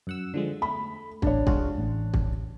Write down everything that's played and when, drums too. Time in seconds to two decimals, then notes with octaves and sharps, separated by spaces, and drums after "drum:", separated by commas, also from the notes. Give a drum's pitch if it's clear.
0.07 F#2 F#5 E6
0.34 D3 F3 G#3
0.62 A3 B5
1.22 A1 D4 C#5, drum: kick
1.47 G#3 F4 F#4, drum: kick
1.78 A1
2.14 drum: kick